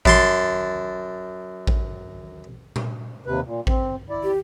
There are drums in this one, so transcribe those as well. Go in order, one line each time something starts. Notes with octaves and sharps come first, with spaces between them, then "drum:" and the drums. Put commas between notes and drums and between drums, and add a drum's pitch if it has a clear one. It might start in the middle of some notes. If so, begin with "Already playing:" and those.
F#2 A5 C6, drum: kick A1
drum: kick A1
drum: tom A#2
D#2 C3 B4
A#2
C4, drum: kick A1
E4 D5
G4